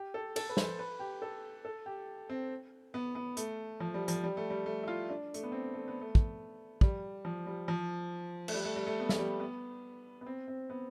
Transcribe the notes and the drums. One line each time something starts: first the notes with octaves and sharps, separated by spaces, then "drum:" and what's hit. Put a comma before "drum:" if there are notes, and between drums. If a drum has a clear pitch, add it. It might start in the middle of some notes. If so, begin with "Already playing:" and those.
Already playing: G4
A4
A4, drum: cymbal
B4
C5, drum: snare
B4
G4
A4
A4
G4
C4
B3
B3
A3, drum: hi-hat
F3
G3
F3, drum: hi-hat
G3
A3
G3
A3
E4
F4
D4
A3, drum: hi-hat
B3
C4
A3
B3
A3
drum: kick
G3, drum: kick
F3
G3
F3
A3, drum: cymbal
G3
A3
G3
A3
B3
A3, drum: snare
G3
B3
B3
C4
C4
B3